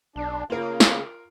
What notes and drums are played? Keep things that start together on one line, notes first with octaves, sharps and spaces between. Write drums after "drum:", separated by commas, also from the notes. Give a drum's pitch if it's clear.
B1 D4
C#3 A#3 F4 A#4
drum: snare